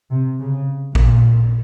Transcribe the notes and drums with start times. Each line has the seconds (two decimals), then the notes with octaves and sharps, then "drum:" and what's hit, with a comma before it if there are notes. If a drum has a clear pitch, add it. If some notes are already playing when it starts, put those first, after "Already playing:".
0.10 C3
0.39 C#3
0.95 A#2, drum: kick A1